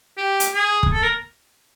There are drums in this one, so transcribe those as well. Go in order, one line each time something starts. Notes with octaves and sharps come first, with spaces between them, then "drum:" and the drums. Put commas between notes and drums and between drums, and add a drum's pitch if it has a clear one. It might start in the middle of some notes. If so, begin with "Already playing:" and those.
G4
drum: hi-hat
G#4
drum: kick
A4
A#4